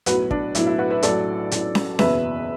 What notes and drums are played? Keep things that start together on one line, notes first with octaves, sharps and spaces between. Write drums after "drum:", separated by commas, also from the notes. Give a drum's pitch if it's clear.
B1 A2 F#3 F#4 B4, drum: hi-hat
D4, drum: kick
B1 A2 F#3 E4, drum: hi-hat
E4
F#4 B4
B4 E5
A1 A2 F#3 A4 D5, drum: hi-hat
A1 A2 F#3, drum: hi-hat
drum: snare C#4
F#1 E2 B2 B4 E5, drum: snare C#4